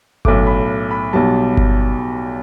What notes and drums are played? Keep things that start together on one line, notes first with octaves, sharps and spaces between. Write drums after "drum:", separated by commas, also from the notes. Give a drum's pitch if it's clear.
B1 A2 A3 D6, drum: kick G1
B5
B5
B1 B2 G3 A5
drum: kick G1